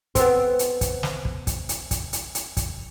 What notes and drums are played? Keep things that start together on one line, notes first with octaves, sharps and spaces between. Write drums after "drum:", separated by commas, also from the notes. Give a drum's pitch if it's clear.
B3 C4, drum: kick, hi-hat
drum: hi-hat
drum: kick, hi-hat
drum: snare
drum: kick
drum: kick, hi-hat
drum: hi-hat
drum: kick, hi-hat
drum: hi-hat
drum: hi-hat
drum: kick, hi-hat